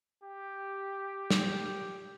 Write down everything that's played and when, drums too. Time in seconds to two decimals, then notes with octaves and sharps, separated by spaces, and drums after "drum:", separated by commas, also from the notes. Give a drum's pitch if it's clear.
0.23 G4
1.30 drum: snare